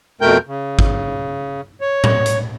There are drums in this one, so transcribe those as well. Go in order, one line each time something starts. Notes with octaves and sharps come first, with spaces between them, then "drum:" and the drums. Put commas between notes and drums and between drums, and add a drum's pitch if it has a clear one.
F2 B2 A3 A#4 G5 G6
C#3
drum: kick
C#5
drum: tom A2
drum: hi-hat